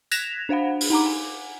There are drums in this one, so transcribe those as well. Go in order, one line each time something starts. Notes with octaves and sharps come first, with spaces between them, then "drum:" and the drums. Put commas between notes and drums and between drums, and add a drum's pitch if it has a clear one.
F#6 G#6 A#6 B6 E7 F7, drum: tambourine
D4 C5 F5 F#5 B5
drum: open hi-hat
D#4 F#5 A#5 D6
G#5